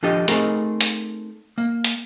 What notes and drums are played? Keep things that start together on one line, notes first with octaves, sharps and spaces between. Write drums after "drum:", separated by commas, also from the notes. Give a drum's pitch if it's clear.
F3 D4 G4 A4 D#5
A3 C4 D#4 G#4 A#4, drum: hi-hat
drum: hi-hat
A#3
drum: hi-hat